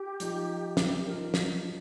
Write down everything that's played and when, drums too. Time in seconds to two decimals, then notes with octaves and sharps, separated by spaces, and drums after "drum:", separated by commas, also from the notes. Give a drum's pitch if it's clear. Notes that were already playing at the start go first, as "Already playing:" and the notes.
Already playing: G4
0.20 F3 D#4, drum: hi-hat
0.77 drum: snare
1.05 F3 D#4 A#4
1.34 drum: snare